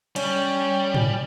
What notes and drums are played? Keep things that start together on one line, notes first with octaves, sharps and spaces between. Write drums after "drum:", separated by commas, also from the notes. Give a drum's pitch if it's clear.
G3 C#4, drum: cymbal
drum: tom G#2